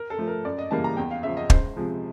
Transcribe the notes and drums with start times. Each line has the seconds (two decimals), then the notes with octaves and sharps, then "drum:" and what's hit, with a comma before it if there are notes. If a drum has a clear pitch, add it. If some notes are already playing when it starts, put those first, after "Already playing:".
Already playing: A#4
0.10 A4
0.18 F3 A3
0.27 A#4
0.45 F#2 D5
0.58 D#5
0.71 C#3 E3 G3 A#3 A5
0.84 A#5
0.97 E2 G5
1.11 F5
1.23 C#3 F3 E5
1.37 D#5
1.50 C#2 C5, drum: kick
1.76 C3 F3 G#3